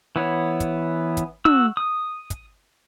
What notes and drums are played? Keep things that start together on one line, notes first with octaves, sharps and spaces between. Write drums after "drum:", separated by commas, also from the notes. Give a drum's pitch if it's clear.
E3 B3 C#5
drum: kick, hi-hat
drum: kick, hi-hat
F#4 E6, drum: tom
D#6
drum: kick, hi-hat